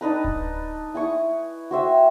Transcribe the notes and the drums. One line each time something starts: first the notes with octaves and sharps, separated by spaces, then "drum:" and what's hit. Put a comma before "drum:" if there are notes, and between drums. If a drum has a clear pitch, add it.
D4 D#4 B4 A#5
drum: kick D1
E4 G#5 C#6 D#6
F#4 C5 E5 G5